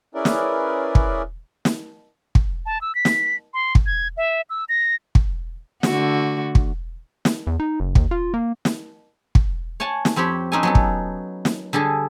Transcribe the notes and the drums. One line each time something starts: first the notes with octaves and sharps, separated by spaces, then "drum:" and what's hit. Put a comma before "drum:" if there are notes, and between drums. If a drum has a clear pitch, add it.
C#4 E4 G#4 A#4 B4 D5
drum: snare
drum: kick
drum: snare
drum: kick
A5
E6
B6
drum: snare
C6
drum: kick
G#6
E5
E6
A#6
drum: kick
D3 A3 F#4, drum: snare
drum: kick
drum: snare
E2
D#4
F#1
D#2, drum: kick
F4
A#3
drum: snare
drum: kick
C#5 F#5 G#5 A5
drum: snare
F2 C4 G4 C#5 B5
C4 C#4 D#4 G4 A4 G#5
F#3 B3 A4
drum: kick
drum: snare
D3 G3 G#4 A4